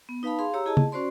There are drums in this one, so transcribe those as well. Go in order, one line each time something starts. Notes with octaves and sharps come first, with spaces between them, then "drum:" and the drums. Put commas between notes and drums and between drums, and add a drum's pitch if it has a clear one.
B3
D#4 B4 F5 A5 B5
G#4 F5 C6
G4 C#5 A#5 E6
E4 G#4 D#5 A5
drum: tom C#3
C#4 F#4 C5 D5 C6